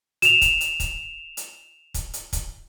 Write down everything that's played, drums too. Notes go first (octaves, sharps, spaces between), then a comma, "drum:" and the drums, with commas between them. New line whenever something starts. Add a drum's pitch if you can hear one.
E7 F7, drum: hi-hat
drum: kick, hi-hat
drum: hi-hat
drum: kick, hi-hat
drum: hi-hat
drum: kick, hi-hat
drum: hi-hat
drum: kick, hi-hat